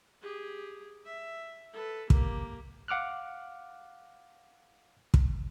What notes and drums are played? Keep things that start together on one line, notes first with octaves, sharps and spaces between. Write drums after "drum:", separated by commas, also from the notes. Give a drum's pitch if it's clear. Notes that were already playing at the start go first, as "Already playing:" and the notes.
G4 G#4
E5
A4 B4
A#3 G4, drum: kick
F5 F#5 D6 F6 F#6
drum: kick